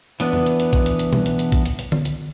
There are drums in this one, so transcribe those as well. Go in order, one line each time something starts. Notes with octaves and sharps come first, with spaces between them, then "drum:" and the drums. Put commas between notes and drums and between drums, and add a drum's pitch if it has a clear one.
E3 B3 D4, drum: hi-hat
drum: tom E2
drum: hi-hat
drum: hi-hat
drum: kick A#1, hi-hat
drum: hi-hat
drum: hi-hat
drum: tom B2
drum: hi-hat
drum: hi-hat
drum: kick A#1, hi-hat
drum: hi-hat
drum: hi-hat
drum: tom D3
drum: hi-hat